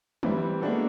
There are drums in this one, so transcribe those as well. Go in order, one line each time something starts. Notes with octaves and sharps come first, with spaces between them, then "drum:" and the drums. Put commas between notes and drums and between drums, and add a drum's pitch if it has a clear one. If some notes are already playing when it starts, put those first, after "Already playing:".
E3 G3 C4 E4, drum: tom
G#3 A#3 B3 D4 F#4 A4